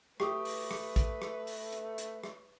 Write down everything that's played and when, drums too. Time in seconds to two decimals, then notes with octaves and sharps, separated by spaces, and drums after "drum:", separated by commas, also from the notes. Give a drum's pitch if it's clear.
0.20 A3 G4 B4 C#6 D#6, drum: rim click
0.45 drum: open hi-hat
0.71 drum: rim click
0.96 drum: kick, hi-hat
1.22 drum: rim click
1.47 drum: open hi-hat
1.73 drum: hi-hat
1.98 drum: hi-hat
2.24 drum: rim click